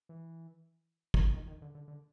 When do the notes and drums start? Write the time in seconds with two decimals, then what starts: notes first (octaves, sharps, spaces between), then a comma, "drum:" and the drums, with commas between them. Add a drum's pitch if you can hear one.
0.09 E3
1.14 drum: kick
1.34 D#3
1.48 D#3
1.62 D3
1.75 D3
1.88 D3